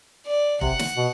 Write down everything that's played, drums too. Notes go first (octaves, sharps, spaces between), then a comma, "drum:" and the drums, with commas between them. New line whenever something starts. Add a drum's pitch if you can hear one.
D5
C3 F#5, drum: kick F1
drum: snare
B2